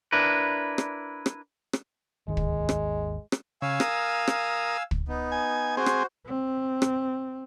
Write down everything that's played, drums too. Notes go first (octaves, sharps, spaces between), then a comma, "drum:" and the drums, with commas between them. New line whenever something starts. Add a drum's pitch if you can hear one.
D4 E4 A#4 B4
drum: rim click
drum: rim click
drum: rim click
G#1 D#2 D#3 G#3
drum: kick
drum: rim click
drum: rim click
C#3 F5 G#5 E6
A#4 D#6, drum: rim click
drum: rim click
drum: kick
B3 D#4
G#5
C4 F#4 G#4 C5
drum: rim click
C4
drum: rim click